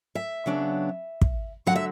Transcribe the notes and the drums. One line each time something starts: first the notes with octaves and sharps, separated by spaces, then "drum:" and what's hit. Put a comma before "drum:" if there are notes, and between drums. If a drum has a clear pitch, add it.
E5
C#3 F#3 B3 D4
drum: kick
D3 F#3 F#5
E5